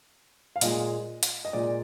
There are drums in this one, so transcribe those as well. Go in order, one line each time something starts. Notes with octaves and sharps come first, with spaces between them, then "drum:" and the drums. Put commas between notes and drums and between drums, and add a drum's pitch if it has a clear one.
F5
A#2 G#3 D#5, drum: hi-hat
drum: hi-hat
D#5
A#2 G#3 D5